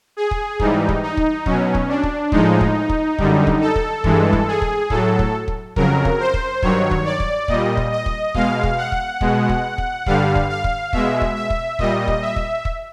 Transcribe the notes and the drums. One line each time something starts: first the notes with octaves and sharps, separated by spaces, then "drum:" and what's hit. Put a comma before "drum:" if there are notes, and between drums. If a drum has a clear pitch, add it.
G#4
drum: kick
G#2 E3 G3 D#4, drum: kick
drum: kick
D#4
drum: kick
B2 F#3 C#4, drum: kick
drum: kick
D4
drum: kick
A2 F3 G#3 D#4, drum: kick
drum: kick
drum: kick
F#2 D3 G3, drum: kick
drum: kick
A4
drum: kick
G2 E3 G#3, drum: kick
drum: kick
G#4
drum: kick
A2 F#3 A4, drum: kick
drum: kick
drum: kick
F2 C#3 F#3 A#4, drum: kick
drum: kick
C5
drum: kick
G2 D#3 F#3 C#5, drum: kick
drum: kick
D5
drum: kick
A#2 G3 D#5, drum: kick
drum: kick
D#5
drum: kick
B2 G#3 F5, drum: kick
drum: kick
F#5
drum: kick
B2 G#3, drum: kick
drum: kick
drum: kick
G2 D3 G3 F5, drum: kick
drum: kick
F5
drum: kick
B2 G#3 E5, drum: kick
drum: kick
E5
drum: kick
A#2 G3 D#5, drum: kick
drum: kick
E5
drum: kick
drum: kick